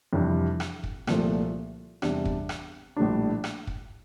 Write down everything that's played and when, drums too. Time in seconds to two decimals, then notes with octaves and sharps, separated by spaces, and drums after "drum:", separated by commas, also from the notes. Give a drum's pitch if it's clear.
0.13 F2 C3 E3 G3 D4
0.60 drum: rim click
0.84 drum: kick
1.07 C2 A#2 F3 A3, drum: rim click
2.02 E2 C3 G3 D4, drum: rim click
2.25 drum: kick
2.49 drum: rim click
2.96 A#1 A2 G3 D4
3.44 drum: rim click
3.67 drum: kick